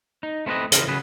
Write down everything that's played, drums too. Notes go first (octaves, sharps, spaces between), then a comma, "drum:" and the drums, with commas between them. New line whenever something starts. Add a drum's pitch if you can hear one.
D#4
A3 C4 E4 A4 B4 D#5
C#3 E3 F3 G#4 A#4, drum: hi-hat
C#3 F#3 G#4 B4